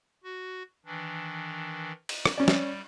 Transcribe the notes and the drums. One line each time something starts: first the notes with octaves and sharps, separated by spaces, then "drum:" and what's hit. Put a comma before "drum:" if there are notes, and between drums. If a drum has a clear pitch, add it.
F#4
D#3 E3 D4
drum: cymbal
drum: rim click
G3 C#4 D5
drum: snare